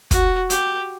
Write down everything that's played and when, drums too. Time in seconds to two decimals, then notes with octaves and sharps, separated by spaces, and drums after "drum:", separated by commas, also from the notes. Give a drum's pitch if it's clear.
0.11 F#4, drum: kick, hi-hat
0.50 G4, drum: hi-hat